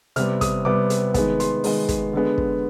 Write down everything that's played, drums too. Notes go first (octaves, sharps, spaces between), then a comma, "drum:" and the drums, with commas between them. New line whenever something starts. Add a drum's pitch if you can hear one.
C3 G3 B3 F6, drum: hi-hat
D#6, drum: kick, hi-hat
C3 G3 B3 D6
drum: hi-hat
D#3 G#3 B3, drum: kick, hi-hat
C6, drum: hi-hat
D#3 G#3 B3, drum: open hi-hat
drum: kick, hi-hat
D3 G#3 B3
drum: kick